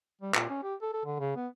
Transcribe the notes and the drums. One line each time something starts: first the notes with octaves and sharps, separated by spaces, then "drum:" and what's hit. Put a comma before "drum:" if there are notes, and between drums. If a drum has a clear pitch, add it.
G3
A#2, drum: clap
C#4
G4
A4
A4
D3
C#3
B3